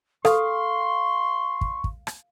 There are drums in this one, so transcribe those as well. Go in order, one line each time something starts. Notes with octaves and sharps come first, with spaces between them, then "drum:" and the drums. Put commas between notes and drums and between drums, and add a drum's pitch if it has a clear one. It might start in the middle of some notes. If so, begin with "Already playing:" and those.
A4 F5 C6 C#6, drum: rim click
drum: kick
drum: kick
drum: rim click